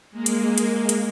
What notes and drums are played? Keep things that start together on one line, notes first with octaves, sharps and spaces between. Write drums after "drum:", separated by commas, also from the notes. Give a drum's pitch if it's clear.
G#3 A#3
drum: hi-hat
drum: hi-hat
drum: hi-hat